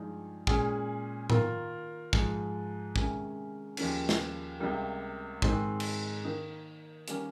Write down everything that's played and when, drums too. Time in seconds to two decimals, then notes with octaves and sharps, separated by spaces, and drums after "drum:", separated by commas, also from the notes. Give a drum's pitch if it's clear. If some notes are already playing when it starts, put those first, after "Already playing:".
Already playing: G2 F3 G#3 D#4 G#4
0.47 A#2 G#3 C#4 G#4, drum: kick
1.30 D#3 A#3 F4 A#4, drum: tom A2
2.13 G#2 F3 G#3, drum: kick
2.96 C3 D#3 G#3 C#4, drum: kick
3.77 D#2 C#3 F3 A#3 C#4, drum: cymbal
4.09 drum: snare
4.59 C#2 C3 G3 A#3
5.42 G#2 D#3 G#3 C4 D#4, drum: kick
5.80 drum: cymbal
6.24 D#3 A#3 D#4
7.08 D#3 G3 A#3 C#4 G4, drum: hi-hat